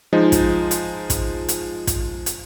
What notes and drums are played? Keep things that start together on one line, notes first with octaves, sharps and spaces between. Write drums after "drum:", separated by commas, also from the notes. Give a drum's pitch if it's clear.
F3 G#3 D#4
drum: kick, hi-hat
drum: hi-hat
drum: kick, hi-hat
drum: hi-hat
drum: kick, hi-hat
drum: hi-hat